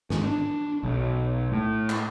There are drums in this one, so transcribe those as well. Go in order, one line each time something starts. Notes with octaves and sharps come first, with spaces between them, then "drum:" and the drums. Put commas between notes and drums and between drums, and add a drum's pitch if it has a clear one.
G#2, drum: snare
D4
B1
A2
drum: clap